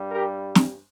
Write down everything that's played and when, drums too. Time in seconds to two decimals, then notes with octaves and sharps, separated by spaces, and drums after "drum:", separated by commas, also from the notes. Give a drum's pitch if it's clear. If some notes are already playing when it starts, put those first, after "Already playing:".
Already playing: G2 G3
0.11 G4 A#4
0.55 drum: snare